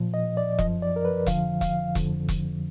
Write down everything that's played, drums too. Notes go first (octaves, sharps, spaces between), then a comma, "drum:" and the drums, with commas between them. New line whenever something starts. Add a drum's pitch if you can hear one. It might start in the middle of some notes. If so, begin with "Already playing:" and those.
Already playing: A#2 F3
D#5
D5
F#2 F3 D#5, drum: kick E1
D5
A#4
B4
F2 D3 F3 F5, drum: kick E1, hi-hat
F5, drum: kick E1, hi-hat
F2 D3 F3, drum: kick E1, hi-hat
drum: kick E1, hi-hat